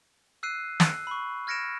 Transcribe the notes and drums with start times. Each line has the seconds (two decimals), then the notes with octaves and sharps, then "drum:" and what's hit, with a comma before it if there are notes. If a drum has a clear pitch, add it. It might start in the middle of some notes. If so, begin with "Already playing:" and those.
0.43 E6 F#6 C7 D#7
0.80 E6 F#6, drum: snare
1.07 B5 C#6
1.47 F6 G#6 A#6 C#7 D7 E7